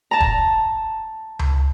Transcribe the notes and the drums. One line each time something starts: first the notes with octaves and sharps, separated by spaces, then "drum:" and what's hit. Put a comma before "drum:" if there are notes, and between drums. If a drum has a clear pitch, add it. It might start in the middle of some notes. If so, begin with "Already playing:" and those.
A5 A#5
drum: kick
drum: tom C#2